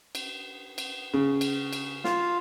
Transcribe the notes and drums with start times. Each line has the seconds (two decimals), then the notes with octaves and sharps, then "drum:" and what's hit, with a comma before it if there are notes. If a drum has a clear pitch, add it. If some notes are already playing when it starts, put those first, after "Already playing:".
0.15 drum: cymbal
0.78 drum: cymbal
1.13 C#3
1.41 drum: cymbal
1.73 drum: cymbal
2.04 F4 F5, drum: snare